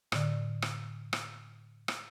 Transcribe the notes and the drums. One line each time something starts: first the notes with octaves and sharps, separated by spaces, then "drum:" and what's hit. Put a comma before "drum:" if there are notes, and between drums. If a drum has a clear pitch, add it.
A2 D3, drum: rim click
drum: rim click
drum: rim click
drum: rim click